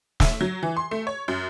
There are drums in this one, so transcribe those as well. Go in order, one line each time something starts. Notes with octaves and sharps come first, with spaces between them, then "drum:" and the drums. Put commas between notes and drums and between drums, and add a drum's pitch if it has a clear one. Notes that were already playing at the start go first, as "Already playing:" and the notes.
E5, drum: snare
F#3
E3
C6
A3
C#5
F#2